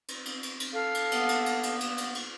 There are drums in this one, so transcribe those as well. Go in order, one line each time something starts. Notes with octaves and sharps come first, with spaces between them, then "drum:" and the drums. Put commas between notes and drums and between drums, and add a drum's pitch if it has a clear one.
drum: cymbal
drum: cymbal
drum: cymbal
drum: cymbal
A4 F5
drum: cymbal
G2 A#3 B3, drum: cymbal
drum: cymbal
drum: cymbal
drum: cymbal
drum: cymbal
drum: cymbal
drum: cymbal